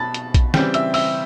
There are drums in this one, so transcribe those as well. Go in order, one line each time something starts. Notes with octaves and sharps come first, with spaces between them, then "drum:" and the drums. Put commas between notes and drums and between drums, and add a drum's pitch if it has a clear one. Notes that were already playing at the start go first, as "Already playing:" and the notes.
Already playing: B2 A5 B5 A6
drum: hi-hat
drum: kick A#1, hi-hat
C#3 E3 G3 C4 G5 G6, drum: snare
E5 E6, drum: hi-hat
E5 E6, drum: open hi-hat